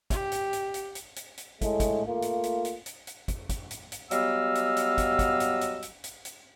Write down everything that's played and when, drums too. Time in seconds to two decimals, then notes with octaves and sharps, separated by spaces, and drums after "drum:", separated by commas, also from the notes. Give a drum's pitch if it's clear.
0.10 G4, drum: kick, hi-hat
0.32 drum: hi-hat
0.53 drum: hi-hat
0.74 drum: hi-hat
0.95 drum: hi-hat
1.16 drum: hi-hat
1.38 drum: hi-hat
1.61 A2 G#3 A3, drum: kick, hi-hat
1.80 drum: kick, hi-hat
2.06 A3 A#3 F4
2.22 drum: hi-hat
2.43 drum: hi-hat
2.65 drum: hi-hat
2.86 drum: hi-hat
3.07 drum: hi-hat
3.28 drum: kick, hi-hat
3.49 drum: kick, hi-hat
3.71 drum: hi-hat
3.92 drum: hi-hat
4.11 F#3 G3 B3 D#5 F5 E6, drum: hi-hat
4.55 drum: hi-hat
4.77 drum: hi-hat
4.98 drum: kick, hi-hat
5.19 drum: kick, hi-hat
5.40 drum: hi-hat
5.61 drum: hi-hat
5.82 drum: hi-hat
6.04 drum: hi-hat
6.25 drum: hi-hat